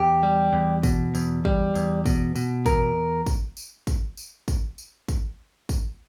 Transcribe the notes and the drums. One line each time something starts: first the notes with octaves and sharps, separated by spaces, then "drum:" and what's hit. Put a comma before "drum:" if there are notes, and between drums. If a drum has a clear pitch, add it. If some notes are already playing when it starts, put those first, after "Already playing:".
Already playing: E2 G4
G3
E2
B2, drum: kick, tambourine
E2, drum: tambourine
G3, drum: kick
E2, drum: tambourine
B2, drum: kick, tambourine
B2, drum: tambourine
E2 A#4, drum: kick, tambourine
drum: kick, tambourine
drum: tambourine
drum: kick, tambourine
drum: tambourine
drum: kick, tambourine
drum: tambourine
drum: kick, tambourine
drum: kick, tambourine